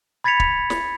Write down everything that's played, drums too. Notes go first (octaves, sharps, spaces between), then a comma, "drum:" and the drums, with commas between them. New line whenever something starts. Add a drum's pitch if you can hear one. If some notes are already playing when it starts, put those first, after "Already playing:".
B5 G#6 A6 B6 C#7 F7
drum: kick
drum: snare